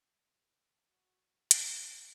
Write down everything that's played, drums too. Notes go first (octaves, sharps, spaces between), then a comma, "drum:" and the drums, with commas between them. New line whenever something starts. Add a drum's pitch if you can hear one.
F#4
C#5, drum: hi-hat